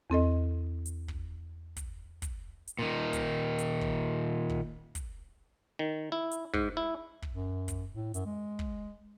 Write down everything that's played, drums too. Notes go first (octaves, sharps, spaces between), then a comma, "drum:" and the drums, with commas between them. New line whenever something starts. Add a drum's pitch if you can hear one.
E2 C4 A4 D#5
drum: hi-hat
drum: kick
drum: kick, hi-hat
drum: kick, hi-hat
drum: hi-hat
A#2 D#3
drum: kick, hi-hat
drum: hi-hat
drum: kick
drum: kick
drum: kick, hi-hat
D#3
E4
drum: hi-hat
G#2, drum: kick
E4
drum: kick
F#2
drum: kick, hi-hat
A2
F#2, drum: hi-hat
G#3
drum: kick